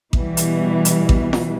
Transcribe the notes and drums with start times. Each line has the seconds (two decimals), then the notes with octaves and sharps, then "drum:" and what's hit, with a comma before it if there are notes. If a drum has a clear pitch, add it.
0.13 B2 E3 G3, drum: kick A1
0.37 drum: hi-hat
0.85 drum: hi-hat
1.09 drum: kick A1
1.33 drum: snare F4